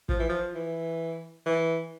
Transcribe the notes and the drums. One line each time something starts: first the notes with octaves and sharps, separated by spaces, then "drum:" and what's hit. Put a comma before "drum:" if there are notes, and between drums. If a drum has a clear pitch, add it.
F3, drum: kick
E3
F3
E3
E3